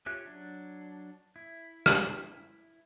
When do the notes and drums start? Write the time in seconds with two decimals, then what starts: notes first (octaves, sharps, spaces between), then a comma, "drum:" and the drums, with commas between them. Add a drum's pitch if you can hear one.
0.06 C#4 F4 G4 E5 F#6
0.26 F#3 D4
1.36 E4
1.86 drum: rim click